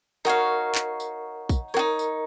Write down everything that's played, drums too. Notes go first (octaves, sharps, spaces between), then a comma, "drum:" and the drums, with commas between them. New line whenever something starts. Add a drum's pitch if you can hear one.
D#4 F#4 A#4 C#5 F5
drum: clap
drum: tambourine
drum: kick, tambourine
F#4 A#4 C#5
D#4
drum: tambourine